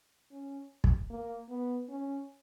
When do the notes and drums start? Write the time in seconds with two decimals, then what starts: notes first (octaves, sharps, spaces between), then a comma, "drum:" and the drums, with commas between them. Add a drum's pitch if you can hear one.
0.31 C#4
0.84 drum: kick
1.10 A#3
1.49 B3
1.89 C#4